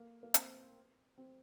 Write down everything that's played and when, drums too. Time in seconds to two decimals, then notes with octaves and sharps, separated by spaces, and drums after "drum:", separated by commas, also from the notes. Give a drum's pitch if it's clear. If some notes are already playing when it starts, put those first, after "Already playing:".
Already playing: A#3
0.23 A#3
0.34 C4, drum: hi-hat
1.18 C4